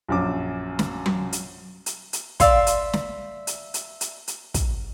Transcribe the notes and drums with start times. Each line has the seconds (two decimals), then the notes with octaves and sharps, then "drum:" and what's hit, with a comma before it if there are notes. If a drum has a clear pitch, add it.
0.08 A#1 F#2 D6
0.79 drum: snare
1.06 drum: tom F#3
1.32 drum: hi-hat
1.86 drum: hi-hat
2.13 drum: hi-hat
2.40 D5 E5 F5 C6, drum: kick, hi-hat
2.67 drum: hi-hat
2.93 drum: snare
3.47 drum: hi-hat
3.74 drum: hi-hat
4.01 drum: hi-hat
4.28 drum: hi-hat
4.54 drum: kick, hi-hat